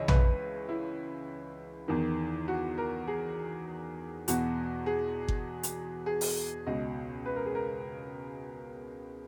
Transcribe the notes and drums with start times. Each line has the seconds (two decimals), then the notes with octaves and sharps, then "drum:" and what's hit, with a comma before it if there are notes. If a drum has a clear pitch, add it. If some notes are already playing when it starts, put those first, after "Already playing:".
Already playing: C#2 C#3 E3 C#5 D#5 E5
0.08 B4, drum: tom A#1
0.69 E4
1.88 E2 D#3
2.48 F#4
2.78 A#4
3.07 G#4
4.28 E2 B2 F#4, drum: hi-hat
4.86 G#4
5.28 drum: kick G1
5.63 drum: hi-hat
6.06 G#4
6.21 drum: open hi-hat
6.67 C#2 B2 D#5
7.26 B4
7.36 A#4
7.46 G#4
7.55 A#4